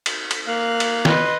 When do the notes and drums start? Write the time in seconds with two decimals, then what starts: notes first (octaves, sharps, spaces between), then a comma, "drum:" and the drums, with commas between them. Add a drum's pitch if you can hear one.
0.06 drum: cymbal
0.31 drum: cymbal
0.47 A#3 F5 F#6
0.80 drum: cymbal
1.05 B4 D#5 C6, drum: snare